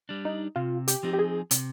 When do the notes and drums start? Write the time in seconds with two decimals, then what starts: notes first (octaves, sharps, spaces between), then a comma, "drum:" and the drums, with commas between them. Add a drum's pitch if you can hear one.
0.09 G3 D4
0.25 D#4
0.56 C3 F4
0.88 G4, drum: hi-hat
1.03 F3 C4 D#4
1.13 G4
1.19 G#4
1.51 C3, drum: hi-hat